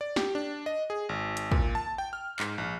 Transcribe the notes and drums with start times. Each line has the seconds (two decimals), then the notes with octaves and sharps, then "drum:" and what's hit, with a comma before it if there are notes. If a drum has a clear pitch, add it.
0.01 D5
0.16 G4, drum: snare
0.35 D4
0.66 D#5
0.90 G#4
1.09 G#1
1.37 drum: hi-hat
1.51 A#2, drum: kick
1.75 A5
1.98 G5
2.13 F6
2.39 G#2, drum: clap
2.58 A#1